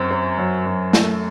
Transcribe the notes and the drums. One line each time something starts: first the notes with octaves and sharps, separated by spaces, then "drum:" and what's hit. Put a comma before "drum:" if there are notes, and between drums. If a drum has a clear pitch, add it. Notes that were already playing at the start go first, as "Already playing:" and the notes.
Already playing: F#2 F#3 C4
C4
F#3
F#2
A3, drum: snare